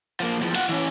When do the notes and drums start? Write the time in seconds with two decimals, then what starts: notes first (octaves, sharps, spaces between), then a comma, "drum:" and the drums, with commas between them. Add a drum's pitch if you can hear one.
0.20 F3 A#3
0.41 E2 F3
0.54 F4 F#5, drum: cymbal
0.69 E3 C#4